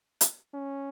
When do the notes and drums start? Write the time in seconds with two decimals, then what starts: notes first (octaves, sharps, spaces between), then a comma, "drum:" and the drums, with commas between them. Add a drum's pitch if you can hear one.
0.21 drum: hi-hat
0.54 C#4